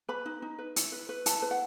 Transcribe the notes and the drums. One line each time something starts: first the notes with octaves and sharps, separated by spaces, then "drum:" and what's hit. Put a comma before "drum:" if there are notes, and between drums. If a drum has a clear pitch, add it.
B4 B5
D#4
D#4
B4
E4, drum: hi-hat
B4
B4
E4 A5, drum: hi-hat
B4
F#5